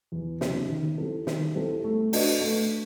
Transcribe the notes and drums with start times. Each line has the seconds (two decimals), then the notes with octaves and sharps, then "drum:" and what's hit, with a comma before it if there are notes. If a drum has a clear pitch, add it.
0.12 E2
0.41 C#3 F#3 B3 D#4, drum: snare
0.70 D#3
0.98 G3 C4 E4 A4
1.27 D#3, drum: snare
1.55 G3 C4 E4 A4
1.84 A3
2.13 D4 F#4 B4 D#5, drum: open hi-hat
2.41 A3